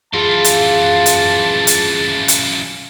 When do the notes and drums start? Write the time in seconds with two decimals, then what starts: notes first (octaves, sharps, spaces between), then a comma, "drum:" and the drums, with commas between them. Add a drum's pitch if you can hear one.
0.14 F#2 E3 F4 G#4 A5
0.44 drum: hi-hat
1.06 drum: hi-hat
1.67 drum: hi-hat
2.28 drum: hi-hat